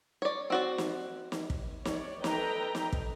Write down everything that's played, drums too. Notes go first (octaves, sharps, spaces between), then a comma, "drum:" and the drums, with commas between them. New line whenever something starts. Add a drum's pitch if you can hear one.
C#5 D5
C4 F#4 D5
drum: snare
drum: snare
drum: kick
C#5 D5, drum: snare
A4 B4 D#5 G5 A#5, drum: snare
drum: snare
drum: kick